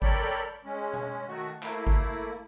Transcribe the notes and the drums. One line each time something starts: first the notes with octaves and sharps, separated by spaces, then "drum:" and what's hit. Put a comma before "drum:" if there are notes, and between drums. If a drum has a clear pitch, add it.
A4 A#4 C#5 D5 G5 B5, drum: kick G#1
G#3 C#4
drum: tom B2
D#3 A3 F#4
A3 A#3 E4, drum: clap
drum: kick G#1